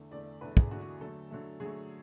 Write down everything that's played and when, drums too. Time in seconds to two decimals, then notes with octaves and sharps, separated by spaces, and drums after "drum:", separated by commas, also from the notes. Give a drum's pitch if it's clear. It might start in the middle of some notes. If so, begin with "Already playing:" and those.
Already playing: E2 D3 A3
0.11 E2 D3 A3 D5
0.41 E2 D3 A3 B4
0.57 G#4, drum: kick
0.71 E2 D3 A3 F#4
0.81 F#4
1.01 D3 F#3 A3 A4
1.31 D3 F#3 A3
1.60 D3 F#3 A3 G#4